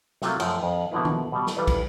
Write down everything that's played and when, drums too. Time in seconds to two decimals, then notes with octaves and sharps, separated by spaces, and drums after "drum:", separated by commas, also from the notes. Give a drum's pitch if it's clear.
0.22 C3 F#3 A3 A#3 F4, drum: snare
0.40 F#2 F3 A3, drum: cymbal
0.63 F2
0.91 B2 D3 F3 A#3 B3 E4
1.05 drum: tom D#3
1.32 B2 G3
1.47 drum: snare
1.56 E3 G3 F4 A4 B4 D5
1.67 drum: kick, cymbal